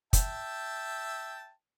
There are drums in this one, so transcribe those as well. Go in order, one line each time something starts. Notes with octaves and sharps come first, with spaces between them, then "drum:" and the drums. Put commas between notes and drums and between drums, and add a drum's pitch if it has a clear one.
E5 G5 A5, drum: kick, hi-hat